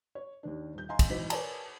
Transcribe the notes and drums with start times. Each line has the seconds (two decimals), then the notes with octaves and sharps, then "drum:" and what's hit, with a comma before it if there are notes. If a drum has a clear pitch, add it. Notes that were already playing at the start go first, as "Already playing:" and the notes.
0.15 C#5
0.43 D#2 D#3 D4
0.75 D#1 G6
0.89 D#5 F5 G#5 A#5 C6
0.99 drum: kick, cymbal
1.09 G#1 E3 F#3 C5 D#5 B6
1.30 A#4 B4 C#5 D5 G#5 A5, drum: cymbal